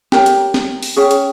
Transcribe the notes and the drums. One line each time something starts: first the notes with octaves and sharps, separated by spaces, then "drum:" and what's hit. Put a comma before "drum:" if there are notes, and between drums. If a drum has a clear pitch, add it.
G4 A#4 C#5, drum: snare
drum: hi-hat
drum: snare
drum: open hi-hat
C#4 G#4 C#5 G5
drum: hi-hat